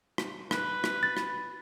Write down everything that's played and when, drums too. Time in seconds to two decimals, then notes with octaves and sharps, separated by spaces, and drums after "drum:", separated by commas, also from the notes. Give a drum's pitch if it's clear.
0.18 drum: rim click
0.51 B4, drum: rim click
0.84 drum: rim click
1.03 A6
1.17 drum: rim click